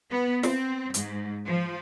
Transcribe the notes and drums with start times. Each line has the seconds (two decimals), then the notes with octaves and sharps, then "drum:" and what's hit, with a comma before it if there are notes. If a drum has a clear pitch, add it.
0.10 B3
0.43 C4, drum: snare
0.94 G#2, drum: hi-hat
1.46 F3